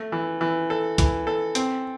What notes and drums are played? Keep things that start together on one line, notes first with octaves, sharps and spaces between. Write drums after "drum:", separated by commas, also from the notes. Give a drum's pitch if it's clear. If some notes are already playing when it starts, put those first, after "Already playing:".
Already playing: A3
E3
E3
A4
E3, drum: kick, hi-hat
A4
C4, drum: hi-hat